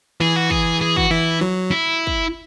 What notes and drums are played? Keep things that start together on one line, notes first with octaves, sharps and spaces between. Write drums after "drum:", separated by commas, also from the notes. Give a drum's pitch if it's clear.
E3 G#4
F#4
G#4, drum: kick
G#4
F#4, drum: kick
E3 E4
F#3
E4
drum: kick